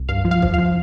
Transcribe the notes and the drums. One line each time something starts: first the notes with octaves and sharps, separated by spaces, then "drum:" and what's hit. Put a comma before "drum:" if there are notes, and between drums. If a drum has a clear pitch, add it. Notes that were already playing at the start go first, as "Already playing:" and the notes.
Already playing: C2
G2 F5
F3
F5
F3, drum: kick
F3 F5